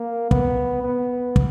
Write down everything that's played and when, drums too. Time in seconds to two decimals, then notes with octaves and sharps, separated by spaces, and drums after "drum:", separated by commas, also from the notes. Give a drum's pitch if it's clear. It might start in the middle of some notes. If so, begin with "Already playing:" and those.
Already playing: A#3
0.31 B3, drum: kick
0.84 B3
1.36 drum: kick